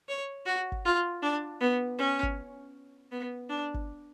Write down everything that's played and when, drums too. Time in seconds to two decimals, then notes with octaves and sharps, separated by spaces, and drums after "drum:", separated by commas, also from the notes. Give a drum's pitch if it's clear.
0.09 C#5
0.46 F#4
0.72 drum: kick G1
0.85 F4
1.22 D4
1.61 B3
1.98 C#4
2.23 drum: kick G1
3.11 B3
3.49 D4
3.74 drum: kick G1